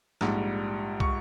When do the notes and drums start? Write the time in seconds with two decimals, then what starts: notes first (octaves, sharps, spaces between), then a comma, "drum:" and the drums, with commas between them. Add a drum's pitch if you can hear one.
0.21 A#1 G#2 G3, drum: snare
1.00 C#6, drum: kick